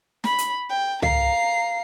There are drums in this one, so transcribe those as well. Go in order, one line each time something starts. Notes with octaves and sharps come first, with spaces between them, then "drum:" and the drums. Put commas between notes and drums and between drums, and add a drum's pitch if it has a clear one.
B5, drum: snare
drum: hi-hat
G5
F5 A#5 C7, drum: tom